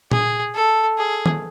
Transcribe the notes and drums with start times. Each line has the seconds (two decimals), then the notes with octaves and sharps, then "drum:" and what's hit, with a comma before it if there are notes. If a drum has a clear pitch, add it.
0.11 G#4, drum: tom A#2
0.55 A4
0.97 G#4
1.26 drum: tom D#3